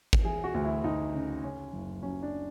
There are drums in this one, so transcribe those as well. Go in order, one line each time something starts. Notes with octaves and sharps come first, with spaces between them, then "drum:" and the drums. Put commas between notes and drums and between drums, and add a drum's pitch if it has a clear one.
drum: kick G#1
E3 G#4
F#4
D2
E4
D2 D#4
C#3
C#3 C#4
F#1
F#3 C#4
D4